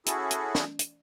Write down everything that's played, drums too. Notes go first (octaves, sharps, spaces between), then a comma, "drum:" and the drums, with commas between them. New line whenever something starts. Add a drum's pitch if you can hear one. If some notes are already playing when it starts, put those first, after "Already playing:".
C#4 E4 F#4 G#4 A4, drum: hi-hat
drum: hi-hat
drum: snare
drum: hi-hat